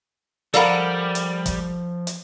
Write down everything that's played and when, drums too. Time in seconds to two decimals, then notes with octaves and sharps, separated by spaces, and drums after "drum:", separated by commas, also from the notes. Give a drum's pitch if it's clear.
0.54 F3 G3 A4 A#4 D5 F5 F#5 B5, drum: hi-hat
1.15 drum: hi-hat
1.46 drum: kick, hi-hat
2.07 drum: hi-hat